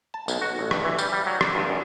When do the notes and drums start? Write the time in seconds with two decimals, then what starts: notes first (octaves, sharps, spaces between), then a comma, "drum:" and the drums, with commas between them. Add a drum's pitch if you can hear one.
0.14 A5
0.28 B1, drum: tambourine
0.42 F#4
0.59 A1
0.71 G2, drum: rim click
0.85 E3
0.98 G3, drum: tambourine
1.12 G3
1.26 F#3
1.41 D5, drum: rim click
1.55 G2
1.69 F#2